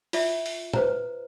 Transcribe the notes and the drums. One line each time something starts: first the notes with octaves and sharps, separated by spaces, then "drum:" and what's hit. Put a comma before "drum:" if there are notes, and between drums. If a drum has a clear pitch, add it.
F4 D5 E5, drum: open hi-hat
drum: open hi-hat
B4 C5 A#5, drum: tom A#2